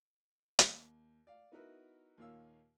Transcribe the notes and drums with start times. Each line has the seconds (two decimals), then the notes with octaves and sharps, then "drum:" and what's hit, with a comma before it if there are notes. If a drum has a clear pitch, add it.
0.59 D#2, drum: hi-hat
1.27 D5 F5
1.52 B3 D#4 E4 F#4 A#4 B4
2.18 D#2 A#2 D#3 C#5 F5 E6